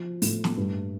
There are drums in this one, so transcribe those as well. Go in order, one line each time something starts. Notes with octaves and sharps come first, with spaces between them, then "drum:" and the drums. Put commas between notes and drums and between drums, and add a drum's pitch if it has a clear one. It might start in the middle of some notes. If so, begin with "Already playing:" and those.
Already playing: F3
A2, drum: open hi-hat
drum: snare
G2